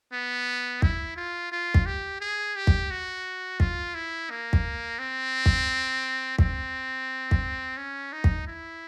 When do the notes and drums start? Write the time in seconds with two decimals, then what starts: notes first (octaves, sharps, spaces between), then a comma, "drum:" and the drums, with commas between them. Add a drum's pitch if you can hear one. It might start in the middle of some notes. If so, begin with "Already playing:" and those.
0.13 B3
0.82 E4, drum: kick
1.16 F4
1.52 F4
1.74 drum: kick
1.86 G4
2.21 G#4
2.56 G4
2.67 drum: kick
2.91 F#4
3.60 F4, drum: kick
3.95 E4
4.30 A#3
4.53 drum: kick
4.99 C4
5.46 drum: kick
6.38 C4, drum: kick
7.31 drum: kick
7.77 C#4
8.13 D#4
8.24 drum: kick
8.47 E4